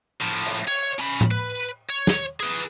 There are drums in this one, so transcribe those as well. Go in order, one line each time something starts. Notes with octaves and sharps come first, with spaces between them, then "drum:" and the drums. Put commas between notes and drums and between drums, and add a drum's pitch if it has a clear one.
A2 F3
drum: cymbal
C#5
C#4 B5
drum: tom A2
B4
C#5
drum: snare
G#4 B4